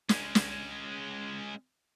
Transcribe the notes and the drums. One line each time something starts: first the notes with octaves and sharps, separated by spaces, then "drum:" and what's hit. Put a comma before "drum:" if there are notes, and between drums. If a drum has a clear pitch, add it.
G#3 C#4, drum: snare
drum: snare